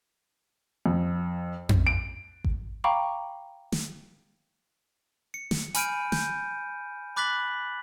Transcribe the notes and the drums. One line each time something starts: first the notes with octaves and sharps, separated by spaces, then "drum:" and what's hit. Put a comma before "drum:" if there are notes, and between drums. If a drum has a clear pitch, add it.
F2
drum: tom F2
D7
drum: kick G#1
F5 G5 A#5 B5 C#6 D6
drum: snare
C#7
drum: snare
G#5 B5 F6 G6 D7 D#7, drum: hi-hat
G6, drum: snare
B5 D6 F#6 A6 B6 F#7